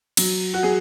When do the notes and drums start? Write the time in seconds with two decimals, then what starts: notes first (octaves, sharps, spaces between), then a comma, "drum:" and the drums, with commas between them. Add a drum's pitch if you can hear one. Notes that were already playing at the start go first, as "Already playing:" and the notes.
0.17 F#3, drum: cymbal
0.54 F#4
0.63 F#3 G#4